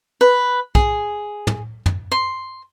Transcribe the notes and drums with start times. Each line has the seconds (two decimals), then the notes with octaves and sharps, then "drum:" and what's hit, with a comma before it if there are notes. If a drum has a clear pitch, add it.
0.21 B4
0.75 G#4, drum: kick
1.47 drum: tom
1.86 drum: tom
2.12 C6